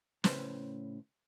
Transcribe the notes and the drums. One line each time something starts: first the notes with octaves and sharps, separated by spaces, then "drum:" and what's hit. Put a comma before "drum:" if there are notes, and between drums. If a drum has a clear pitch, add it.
A2 C#3 B4 C5, drum: snare